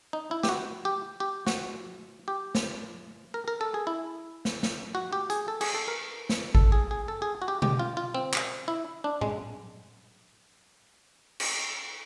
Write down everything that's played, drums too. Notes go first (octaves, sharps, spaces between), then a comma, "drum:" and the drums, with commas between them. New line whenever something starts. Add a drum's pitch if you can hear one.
D#4
E4
G4, drum: snare
F#4
G4
G4
F#4, drum: snare
G4
drum: snare
A#4
A#4
A4
G#4
E4
drum: snare
drum: snare
F#4
G4
G#4, drum: hi-hat
A4
G#4, drum: cymbal
A4
A#4
drum: snare
A4, drum: kick G#1
G#4
G#4
A4
G#4
F#4
G4
G4, drum: tom B2
F4
F4
C4
drum: clap
E4
D4
G#3, drum: tom A2
drum: cymbal